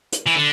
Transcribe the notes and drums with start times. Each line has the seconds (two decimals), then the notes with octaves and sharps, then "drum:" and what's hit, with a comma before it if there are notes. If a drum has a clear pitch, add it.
0.12 drum: hi-hat
0.27 E3
0.36 D3